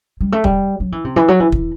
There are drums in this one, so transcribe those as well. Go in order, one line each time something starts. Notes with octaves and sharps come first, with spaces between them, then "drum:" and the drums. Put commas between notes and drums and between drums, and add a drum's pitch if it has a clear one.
G3
A3
G3, drum: kick
F#3
E3
C3
E3
F#3
E3
E3, drum: kick